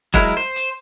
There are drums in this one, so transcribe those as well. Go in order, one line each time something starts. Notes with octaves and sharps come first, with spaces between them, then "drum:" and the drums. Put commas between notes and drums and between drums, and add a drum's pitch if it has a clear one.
F#3 G#3 E4 A#4, drum: kick E1
C5
drum: hi-hat